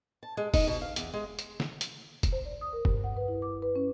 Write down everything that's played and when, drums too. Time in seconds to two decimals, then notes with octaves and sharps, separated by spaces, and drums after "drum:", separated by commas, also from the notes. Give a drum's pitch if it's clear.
0.23 A5
0.37 G#3
0.54 D#4, drum: kick F1, open hi-hat
0.67 B2
0.82 F5
0.96 E2, drum: hi-hat
1.13 G#3
1.39 drum: hi-hat
1.60 drum: snare
1.81 drum: hi-hat
2.23 drum: kick F1, hi-hat
2.32 C5
2.45 D5
2.61 D#6
2.73 A#4
2.85 G2, drum: kick F1
3.04 F#5
3.17 B4
3.28 E4
3.42 D6
3.62 B4
3.76 C#4